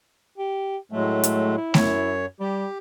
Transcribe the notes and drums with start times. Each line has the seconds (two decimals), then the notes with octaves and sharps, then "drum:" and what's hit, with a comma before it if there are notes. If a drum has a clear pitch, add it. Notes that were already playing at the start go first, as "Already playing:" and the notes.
0.39 G4
0.92 A2 F#3 G#3 A3
1.24 drum: hi-hat
1.58 E4
1.74 F#2 C#5, drum: snare A3
2.41 G3 G4